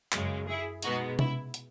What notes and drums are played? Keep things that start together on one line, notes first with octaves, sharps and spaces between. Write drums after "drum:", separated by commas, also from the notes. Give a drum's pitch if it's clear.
F#2 C#3 G#3, drum: clap
E4 G#4
B2 G#3 B3 D#4 F#4, drum: hi-hat
E4, drum: tom C3
drum: hi-hat